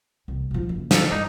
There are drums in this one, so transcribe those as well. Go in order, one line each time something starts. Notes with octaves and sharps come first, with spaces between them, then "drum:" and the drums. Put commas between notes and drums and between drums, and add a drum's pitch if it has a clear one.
C2
B1 F3
F#1
F3 A4, drum: snare
G2 G#3 D4 D#4